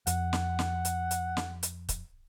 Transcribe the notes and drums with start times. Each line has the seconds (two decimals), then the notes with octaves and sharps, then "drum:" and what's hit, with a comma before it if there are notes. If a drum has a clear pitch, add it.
0.07 F2 F#5, drum: hi-hat
0.33 drum: snare
0.59 drum: snare
0.85 drum: hi-hat
1.11 drum: hi-hat
1.37 drum: snare
1.63 drum: hi-hat
1.89 drum: kick, hi-hat